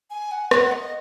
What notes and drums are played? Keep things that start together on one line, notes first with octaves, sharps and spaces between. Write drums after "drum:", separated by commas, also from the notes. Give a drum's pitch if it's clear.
G#5
F#5
F#5, drum: rim click
D#5